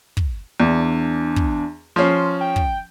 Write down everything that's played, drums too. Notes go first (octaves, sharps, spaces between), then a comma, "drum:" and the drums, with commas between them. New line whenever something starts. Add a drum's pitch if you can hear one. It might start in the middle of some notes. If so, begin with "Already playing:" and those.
drum: kick
E2 D4
drum: kick
F3 C#4 C6
G5
drum: kick